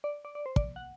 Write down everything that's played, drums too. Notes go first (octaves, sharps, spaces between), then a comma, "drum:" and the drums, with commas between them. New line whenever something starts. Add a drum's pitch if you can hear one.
D5
D5
D5
C5
D5, drum: kick
F#5